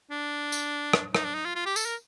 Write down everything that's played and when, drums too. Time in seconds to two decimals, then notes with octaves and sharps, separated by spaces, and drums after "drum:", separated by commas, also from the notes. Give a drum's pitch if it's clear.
0.11 D4
0.52 drum: tambourine
0.93 drum: rim click
1.15 D#4, drum: rim click
1.25 D4
1.35 D#4
1.45 F4
1.56 F4
1.66 G4
1.76 A4, drum: tambourine
1.86 A#4